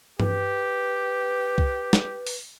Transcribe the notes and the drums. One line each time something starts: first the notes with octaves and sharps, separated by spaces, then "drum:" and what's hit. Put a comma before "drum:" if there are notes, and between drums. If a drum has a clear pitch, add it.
G4 B4, drum: tom G2
drum: kick C2
drum: snare
drum: open hi-hat